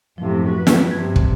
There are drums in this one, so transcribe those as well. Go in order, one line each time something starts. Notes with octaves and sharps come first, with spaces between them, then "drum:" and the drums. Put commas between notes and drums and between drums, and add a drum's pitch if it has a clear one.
F#2 A2 C3 F3
F#4 B4
drum: snare
G2 C3 G#6
drum: kick